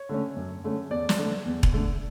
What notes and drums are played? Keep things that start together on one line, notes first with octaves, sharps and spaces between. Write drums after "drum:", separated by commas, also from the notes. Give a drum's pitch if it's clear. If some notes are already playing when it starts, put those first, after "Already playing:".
Already playing: C#5
D3 A3 C#4
F#2
D3 A3 C#4
E2 D5
drum: snare
D3 A3 D4
E2
drum: kick E1
D3 A3 D4